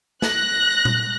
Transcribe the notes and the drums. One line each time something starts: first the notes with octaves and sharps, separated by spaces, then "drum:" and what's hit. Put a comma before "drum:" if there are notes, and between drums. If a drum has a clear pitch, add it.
F#6 A#6, drum: snare
drum: tom A#2